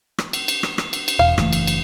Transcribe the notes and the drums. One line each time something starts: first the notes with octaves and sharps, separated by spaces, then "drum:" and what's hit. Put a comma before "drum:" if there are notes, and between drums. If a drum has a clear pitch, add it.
drum: rim click
drum: cymbal
drum: cymbal
drum: rim click
drum: rim click
drum: cymbal
drum: cymbal
E1 F5
F#1 E3 A3, drum: rim click
drum: cymbal
drum: cymbal